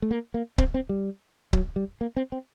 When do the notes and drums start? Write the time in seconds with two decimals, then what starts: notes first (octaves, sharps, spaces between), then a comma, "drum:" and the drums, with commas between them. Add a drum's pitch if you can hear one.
0.02 A3
0.11 A#3
0.34 A#3
0.58 C4, drum: kick C#1
0.74 C4
0.89 G3
1.53 F#3, drum: kick C#1
1.76 G3
2.01 A#3
2.16 C4
2.32 C4